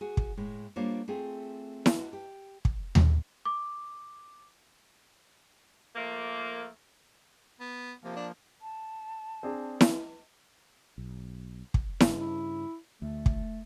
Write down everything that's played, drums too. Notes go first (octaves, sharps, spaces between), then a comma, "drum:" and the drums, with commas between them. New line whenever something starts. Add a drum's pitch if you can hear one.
F#4 G#4
drum: kick
A2 G#3
G3 A#3 D4 F4 C5 C#5
A3 C4 F4 G#4
drum: snare E4
F#4
G4
drum: kick
drum: tom D#2
D6
F3 A3 A#3
B3
C3 F3 A#3
D4
A5
C4 D4 G#4
drum: snare E4
B1
drum: kick
G2 C#3, drum: snare E4
E4
D2 A3
drum: kick